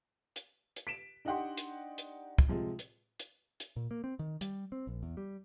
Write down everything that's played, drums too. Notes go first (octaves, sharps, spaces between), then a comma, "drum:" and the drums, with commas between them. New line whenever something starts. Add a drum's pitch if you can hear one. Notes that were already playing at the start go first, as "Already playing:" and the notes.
drum: hi-hat
drum: hi-hat
B6 D7 E7
D4 D#4 G4 F#5 G5 C6
drum: hi-hat
drum: hi-hat
drum: kick
C3 F3 G#3
drum: hi-hat
drum: hi-hat
drum: hi-hat
A#2
A#3
C4
D#3
G3, drum: hi-hat
C4
A#1
E2
G3